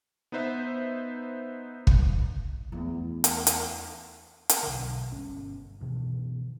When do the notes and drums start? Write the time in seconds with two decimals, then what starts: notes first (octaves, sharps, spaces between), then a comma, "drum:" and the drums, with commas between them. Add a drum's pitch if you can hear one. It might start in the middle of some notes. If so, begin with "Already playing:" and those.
0.32 B3 D#4 B4 C5 E5
1.87 drum: kick
2.72 E2 A3
3.24 drum: hi-hat
3.47 drum: hi-hat
4.49 drum: hi-hat
4.63 B1 D3
5.12 G1 D3 C#4
5.81 G2 B2 D#3 E3